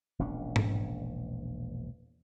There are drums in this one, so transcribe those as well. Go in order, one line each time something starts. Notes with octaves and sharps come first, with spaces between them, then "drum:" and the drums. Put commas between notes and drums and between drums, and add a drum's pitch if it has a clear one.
E1 A#1 C#4 D4
drum: tom G#2